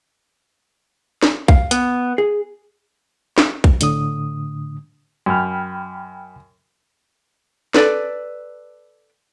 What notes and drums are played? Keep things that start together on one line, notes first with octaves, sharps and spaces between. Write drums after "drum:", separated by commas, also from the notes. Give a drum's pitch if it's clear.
drum: snare
F5, drum: kick B1
B3, drum: hi-hat
G#4
drum: snare
drum: kick B1
A2 D3 D#6, drum: hi-hat
F#2 G5 B5 F6
A4 B4 D5, drum: snare